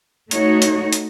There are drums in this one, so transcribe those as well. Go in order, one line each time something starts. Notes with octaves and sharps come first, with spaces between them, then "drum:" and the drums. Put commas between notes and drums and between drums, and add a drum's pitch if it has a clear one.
A3 D#4 F#4 C#5, drum: hi-hat
drum: hi-hat
drum: hi-hat